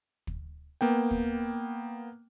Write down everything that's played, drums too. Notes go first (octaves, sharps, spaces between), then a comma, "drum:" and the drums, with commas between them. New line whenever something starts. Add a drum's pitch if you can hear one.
drum: kick
A#3 B3 G5
drum: kick